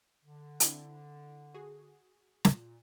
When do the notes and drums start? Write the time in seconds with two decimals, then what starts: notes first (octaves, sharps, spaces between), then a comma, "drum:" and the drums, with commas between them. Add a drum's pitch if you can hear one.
0.24 D3
0.60 C4 D4 E4, drum: hi-hat
1.54 F#4 G#4
2.45 A#2, drum: snare